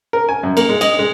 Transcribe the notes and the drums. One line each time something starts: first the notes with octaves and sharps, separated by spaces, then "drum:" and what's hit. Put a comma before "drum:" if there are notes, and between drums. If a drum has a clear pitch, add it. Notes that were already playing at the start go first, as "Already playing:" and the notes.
A#4
G#5
F#2
A#3, drum: cymbal
G#3
D#5, drum: cymbal
G#3